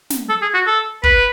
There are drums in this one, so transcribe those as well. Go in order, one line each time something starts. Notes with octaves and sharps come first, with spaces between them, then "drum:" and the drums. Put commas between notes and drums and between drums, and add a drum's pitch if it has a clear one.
drum: snare
A4
G#4
F#4
A4
B4, drum: kick